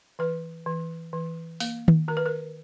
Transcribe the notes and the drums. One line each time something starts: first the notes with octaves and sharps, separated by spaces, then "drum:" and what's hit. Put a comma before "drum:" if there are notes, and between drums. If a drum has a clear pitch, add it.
E3 B4
E3
E3
A#3, drum: open hi-hat
drum: tom D#3
D#3 A#4
B4
A#4